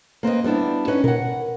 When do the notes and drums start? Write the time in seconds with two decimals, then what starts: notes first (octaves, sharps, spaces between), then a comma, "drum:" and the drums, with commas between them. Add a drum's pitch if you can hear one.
0.23 A#3 C4 B4 D#5
0.44 G3 B3 D4 E4
0.88 C#4 D#4 B4
1.04 A#4 F#5, drum: tom A#2